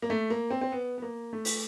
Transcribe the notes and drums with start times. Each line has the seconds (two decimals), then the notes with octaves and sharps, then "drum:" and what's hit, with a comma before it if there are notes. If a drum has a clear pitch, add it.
0.02 A#3
0.10 A3
0.30 A#3
0.51 C4
0.61 C4
0.72 B3
0.98 B3
1.02 A#3
1.33 A3
1.45 drum: open hi-hat